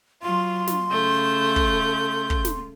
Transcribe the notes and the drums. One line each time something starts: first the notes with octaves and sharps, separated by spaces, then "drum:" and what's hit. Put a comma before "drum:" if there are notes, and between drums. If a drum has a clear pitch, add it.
F#3 F4 C6
drum: snare
C#3 A3 G6
drum: kick
drum: kick
drum: snare